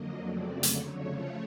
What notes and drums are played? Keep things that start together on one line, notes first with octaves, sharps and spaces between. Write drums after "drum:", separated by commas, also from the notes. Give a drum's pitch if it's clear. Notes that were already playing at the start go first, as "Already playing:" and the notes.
Already playing: F2 D3 F#3 A#3 D#5
F2 C#3 F#3 A3 C4 D5
F2 D3 F#3 C#5, drum: hi-hat
C#3 F3 A3